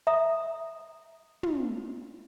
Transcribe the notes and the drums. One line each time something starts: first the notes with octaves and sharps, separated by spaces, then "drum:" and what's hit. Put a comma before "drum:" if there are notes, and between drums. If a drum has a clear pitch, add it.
E5 A#5 D#6
drum: tom